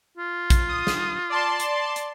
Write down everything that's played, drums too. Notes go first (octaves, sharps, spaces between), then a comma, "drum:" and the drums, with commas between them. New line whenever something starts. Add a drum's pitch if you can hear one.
F4
drum: kick, hi-hat
D#6
drum: snare
D5 A5 C6
drum: hi-hat
drum: hi-hat